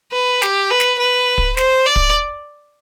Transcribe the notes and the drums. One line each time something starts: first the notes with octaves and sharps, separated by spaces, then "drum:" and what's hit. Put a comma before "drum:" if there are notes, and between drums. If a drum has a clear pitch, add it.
B4
G4, drum: snare
B4
drum: snare
B4
drum: kick
C5, drum: snare
D5
drum: kick